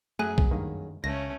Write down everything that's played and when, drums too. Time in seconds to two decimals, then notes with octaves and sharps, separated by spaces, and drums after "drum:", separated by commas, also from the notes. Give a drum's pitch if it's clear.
0.19 F#2 A3 G#4 G#5 F#6
0.38 drum: kick B1
0.51 G2 D#3 A#3
1.04 C#2 A3 A#3 C#4 A#6